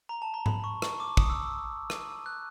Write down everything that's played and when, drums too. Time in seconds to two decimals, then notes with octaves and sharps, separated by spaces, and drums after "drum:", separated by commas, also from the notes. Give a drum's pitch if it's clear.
0.09 A#5
0.22 A5
0.34 A#5
0.46 B5, drum: tom G#2
0.64 C#6
0.82 C#6, drum: rim click
1.00 D6
1.17 D#6, drum: kick
1.30 E6
1.90 drum: rim click
2.26 F#6